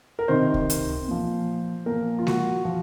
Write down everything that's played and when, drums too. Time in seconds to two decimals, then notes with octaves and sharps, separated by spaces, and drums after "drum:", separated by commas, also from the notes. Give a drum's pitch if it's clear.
0.19 A#4
0.28 C3 D#3 C5
0.54 drum: kick C#2
0.70 drum: hi-hat
1.08 A#2 F3
1.86 A#2 F3 A#4
2.19 F4
2.27 F#4, drum: snare G#3
2.65 F3